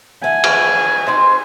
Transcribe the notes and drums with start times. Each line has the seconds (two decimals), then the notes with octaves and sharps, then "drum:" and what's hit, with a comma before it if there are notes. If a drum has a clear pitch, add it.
0.24 A3 F#5 G#5
0.44 drum: cymbal
1.07 C4 D#4 C5